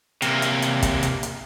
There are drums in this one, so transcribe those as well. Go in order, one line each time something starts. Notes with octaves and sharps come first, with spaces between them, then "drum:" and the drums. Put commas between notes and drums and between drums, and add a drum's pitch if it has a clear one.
C3 A#3, drum: hi-hat
drum: hi-hat
drum: hi-hat
drum: kick, hi-hat
drum: hi-hat
drum: hi-hat